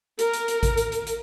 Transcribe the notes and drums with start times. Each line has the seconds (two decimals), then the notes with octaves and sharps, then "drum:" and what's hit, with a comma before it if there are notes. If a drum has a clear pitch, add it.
0.19 A#4, drum: hi-hat
0.33 drum: hi-hat
0.48 drum: hi-hat
0.63 drum: kick A1, hi-hat
0.77 drum: hi-hat
0.92 drum: hi-hat
1.07 drum: hi-hat